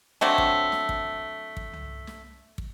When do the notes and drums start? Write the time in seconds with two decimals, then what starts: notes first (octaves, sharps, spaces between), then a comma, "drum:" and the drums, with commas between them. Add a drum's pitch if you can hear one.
0.21 F#3 A3 C4 D4, drum: snare
0.38 drum: kick
0.72 drum: snare
0.89 drum: kick
1.57 drum: kick
1.73 drum: tom
2.07 drum: snare
2.58 drum: kick